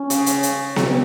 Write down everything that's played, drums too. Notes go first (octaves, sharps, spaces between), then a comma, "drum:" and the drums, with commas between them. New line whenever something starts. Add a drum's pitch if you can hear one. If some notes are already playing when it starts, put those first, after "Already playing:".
Already playing: C#4
C#3, drum: hi-hat
drum: hi-hat
drum: hi-hat
C4, drum: snare B3